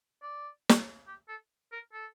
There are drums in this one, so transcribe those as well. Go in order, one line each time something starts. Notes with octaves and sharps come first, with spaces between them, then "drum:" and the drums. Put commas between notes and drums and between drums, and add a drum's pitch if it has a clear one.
D5
drum: snare
G4
A4
A#4
A4